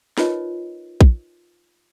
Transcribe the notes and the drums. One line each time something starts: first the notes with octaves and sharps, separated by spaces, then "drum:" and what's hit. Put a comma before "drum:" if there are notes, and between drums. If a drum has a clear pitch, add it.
D#4 F4 A#4 B4 C#5 D#5, drum: snare
drum: kick A#1